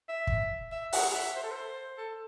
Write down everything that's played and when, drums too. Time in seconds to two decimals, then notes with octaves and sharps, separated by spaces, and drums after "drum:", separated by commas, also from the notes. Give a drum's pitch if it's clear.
0.09 E5
0.27 drum: kick
0.72 E5
0.93 F#5, drum: open hi-hat
1.14 E5
1.35 C5
1.43 A4
1.51 C5
1.98 A4